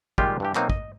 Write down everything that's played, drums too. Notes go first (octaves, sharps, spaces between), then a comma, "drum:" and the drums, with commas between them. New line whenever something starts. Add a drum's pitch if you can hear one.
A#2 D#3 G3 G#3 F4 G4, drum: kick
G2 E3 G4
B2 F#3 A#3 C4 D#4, drum: clap
D#5, drum: kick